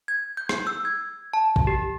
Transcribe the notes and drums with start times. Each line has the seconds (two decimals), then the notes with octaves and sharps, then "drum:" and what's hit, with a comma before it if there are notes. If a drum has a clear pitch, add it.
0.08 G#6
0.37 G6
0.49 drum: rim click
0.67 E6
0.85 G#6
1.33 A5
1.56 drum: kick
1.67 G4